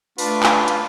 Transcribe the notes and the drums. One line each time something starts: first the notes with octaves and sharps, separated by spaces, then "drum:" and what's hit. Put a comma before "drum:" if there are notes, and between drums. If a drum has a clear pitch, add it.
A3 D4 F4 B4, drum: open hi-hat
drum: clap
drum: hi-hat